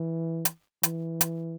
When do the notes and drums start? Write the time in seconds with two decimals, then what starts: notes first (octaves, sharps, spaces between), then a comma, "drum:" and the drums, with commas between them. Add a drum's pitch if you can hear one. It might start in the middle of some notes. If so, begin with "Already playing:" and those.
Already playing: E3
0.45 drum: hi-hat
0.83 E3, drum: hi-hat
1.21 drum: hi-hat